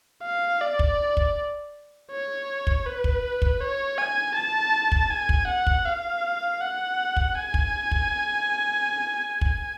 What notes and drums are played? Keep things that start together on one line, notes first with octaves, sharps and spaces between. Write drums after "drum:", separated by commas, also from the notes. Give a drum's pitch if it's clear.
F5
D5
drum: kick
drum: kick
C#5
drum: kick
B4
drum: kick
drum: kick
C#5
G#5
A5
drum: kick
G#5
drum: kick
F#5
drum: kick
F5
F#5
drum: kick
G#5
drum: kick
drum: kick
drum: kick